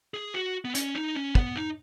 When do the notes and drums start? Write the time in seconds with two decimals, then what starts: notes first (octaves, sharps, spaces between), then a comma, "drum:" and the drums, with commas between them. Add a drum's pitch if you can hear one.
0.14 G#4
0.34 F#4
0.65 B3
0.75 C#4, drum: hi-hat
0.94 D#4
1.15 C#4
1.35 B3, drum: kick
1.56 D#4